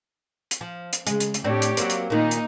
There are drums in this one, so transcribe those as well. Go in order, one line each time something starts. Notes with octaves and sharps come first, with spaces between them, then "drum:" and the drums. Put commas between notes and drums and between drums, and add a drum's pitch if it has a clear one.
drum: hi-hat
F3
drum: hi-hat
C#3 G#3, drum: hi-hat
drum: hi-hat
drum: hi-hat
A2 C4 D4 G4 C#5 D5
drum: hi-hat
F#3 A#3 C4, drum: hi-hat
drum: hi-hat
A#2 D#3 A#3 D#4 D#5
drum: hi-hat